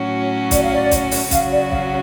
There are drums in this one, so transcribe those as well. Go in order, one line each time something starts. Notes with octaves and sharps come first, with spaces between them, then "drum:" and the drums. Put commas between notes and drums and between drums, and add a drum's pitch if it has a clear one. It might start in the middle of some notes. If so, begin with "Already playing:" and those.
Already playing: A2 F#3 C#4 F#4
D5, drum: kick B1, hi-hat
F5
D5
drum: kick B1, hi-hat
drum: open hi-hat
C#3 F#3 C#4 F#4 F5, drum: kick B1, hi-hat
D5
F5, drum: kick B1